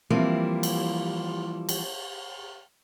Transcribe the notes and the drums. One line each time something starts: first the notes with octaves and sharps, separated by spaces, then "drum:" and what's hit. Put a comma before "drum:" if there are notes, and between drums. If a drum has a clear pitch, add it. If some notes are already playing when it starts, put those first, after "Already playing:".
E3 F3 G3 A#3 C4 E4
drum: cymbal
drum: cymbal